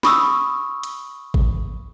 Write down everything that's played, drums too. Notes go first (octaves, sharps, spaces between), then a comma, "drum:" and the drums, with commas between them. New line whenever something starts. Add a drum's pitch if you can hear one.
B5 C#6 D#6 E6, drum: snare
drum: hi-hat
drum: kick G#1